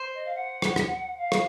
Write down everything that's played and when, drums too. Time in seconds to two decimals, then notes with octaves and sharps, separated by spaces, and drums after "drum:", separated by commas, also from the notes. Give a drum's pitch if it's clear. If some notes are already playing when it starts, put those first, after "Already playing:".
Already playing: C5
0.15 D#5
0.25 F5
0.35 F#5
0.62 drum: rim click
0.76 drum: rim click
1.17 F5
1.32 drum: rim click